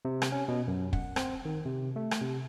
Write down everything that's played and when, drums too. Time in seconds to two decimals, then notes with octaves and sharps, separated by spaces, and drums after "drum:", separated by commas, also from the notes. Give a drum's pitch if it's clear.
0.05 C3
0.22 drum: rim click
0.32 C#4
0.48 B2
0.68 F#2
0.93 F#5, drum: kick
1.16 C4, drum: rim click
1.45 D#3
1.66 C3
1.96 A3
2.11 drum: rim click
2.21 C3